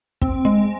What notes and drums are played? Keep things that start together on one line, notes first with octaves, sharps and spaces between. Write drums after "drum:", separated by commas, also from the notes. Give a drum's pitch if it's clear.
C4, drum: kick
G#3